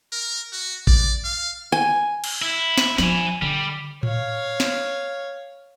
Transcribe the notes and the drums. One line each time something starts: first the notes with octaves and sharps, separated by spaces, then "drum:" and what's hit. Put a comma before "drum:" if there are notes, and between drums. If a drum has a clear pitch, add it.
A#4
F#4
D5, drum: kick A1
F5
G#5
drum: cymbal
E4
drum: snare
F3 D4 G#5 B5, drum: snare
D3 G3
C#5 F5, drum: tom A2
drum: snare